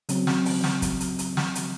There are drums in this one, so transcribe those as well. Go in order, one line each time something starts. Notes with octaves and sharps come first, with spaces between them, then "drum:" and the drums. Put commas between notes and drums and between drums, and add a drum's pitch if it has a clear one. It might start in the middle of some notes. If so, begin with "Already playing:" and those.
C#3 F#3 C4, drum: hi-hat
drum: snare
drum: open hi-hat
drum: snare
drum: kick, hi-hat
drum: hi-hat
drum: hi-hat
drum: snare
drum: hi-hat